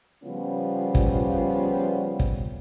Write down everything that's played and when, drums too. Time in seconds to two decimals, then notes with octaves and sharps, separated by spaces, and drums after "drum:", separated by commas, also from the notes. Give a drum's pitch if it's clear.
0.23 C#3 F3 G3 B3 C#4 F4
0.95 drum: kick
2.19 drum: kick